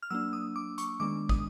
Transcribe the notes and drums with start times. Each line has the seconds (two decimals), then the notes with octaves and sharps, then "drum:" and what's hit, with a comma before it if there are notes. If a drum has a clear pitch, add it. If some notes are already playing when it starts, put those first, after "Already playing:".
0.03 F6
0.10 F#3 A#3 D4 E6
0.33 D#6
0.56 D6
0.78 C#6, drum: hi-hat
1.00 D#3 G#3 B3 D4 D6
1.29 D#6, drum: kick